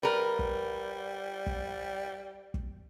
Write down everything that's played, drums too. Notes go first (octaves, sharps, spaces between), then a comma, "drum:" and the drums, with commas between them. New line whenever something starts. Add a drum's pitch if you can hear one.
G3 A#4 B4
drum: kick
drum: kick
drum: kick